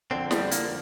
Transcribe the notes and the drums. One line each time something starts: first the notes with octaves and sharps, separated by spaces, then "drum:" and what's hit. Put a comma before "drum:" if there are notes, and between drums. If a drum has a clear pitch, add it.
F2 D3 C4
G3, drum: snare
A#3, drum: hi-hat